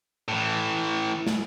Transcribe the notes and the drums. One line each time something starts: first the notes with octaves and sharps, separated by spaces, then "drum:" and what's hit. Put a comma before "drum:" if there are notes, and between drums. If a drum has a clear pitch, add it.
A2 E3
drum: snare